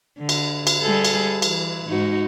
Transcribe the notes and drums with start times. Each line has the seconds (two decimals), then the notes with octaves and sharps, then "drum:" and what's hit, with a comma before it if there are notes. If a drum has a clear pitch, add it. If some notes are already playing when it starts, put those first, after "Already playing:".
0.19 D3
0.29 drum: cymbal
0.67 drum: cymbal
0.82 G3 G#4 A4
1.05 drum: cymbal
1.42 E3, drum: cymbal
1.88 G#2 D#4 F#4